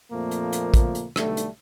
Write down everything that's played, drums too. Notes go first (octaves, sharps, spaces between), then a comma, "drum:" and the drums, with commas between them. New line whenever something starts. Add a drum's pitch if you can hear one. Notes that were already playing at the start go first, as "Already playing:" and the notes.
F2 A#2 F3 A3 A#3
drum: hi-hat
drum: hi-hat
drum: kick, hi-hat
drum: hi-hat
B1 D3 G3 A3, drum: rim click
drum: hi-hat